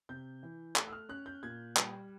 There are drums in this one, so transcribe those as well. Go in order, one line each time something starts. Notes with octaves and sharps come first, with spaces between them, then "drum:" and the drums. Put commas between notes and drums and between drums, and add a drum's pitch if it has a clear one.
C3 G6
E3
A3 F#6, drum: clap
E6
F6
C#4 F#6
G6
A#2 G#6
G3, drum: clap